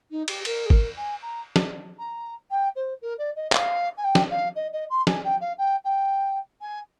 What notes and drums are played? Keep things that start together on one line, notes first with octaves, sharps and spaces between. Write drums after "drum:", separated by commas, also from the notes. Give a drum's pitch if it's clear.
D#4
G4, drum: cymbal
A#4, drum: cymbal
G#4
A#4, drum: kick
G#5
A#5
drum: snare
A#5
G5
C5
A#4
D5
D#5
F5, drum: clap
G#5
G5
drum: snare
F5
D#5
D#5
C6
G#5, drum: snare
G5
F5
G5
G5
G#5